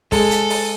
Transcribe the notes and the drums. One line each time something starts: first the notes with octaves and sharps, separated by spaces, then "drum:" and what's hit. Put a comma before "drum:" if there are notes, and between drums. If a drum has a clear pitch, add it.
G#3 A4, drum: kick, open hi-hat
drum: hi-hat
drum: open hi-hat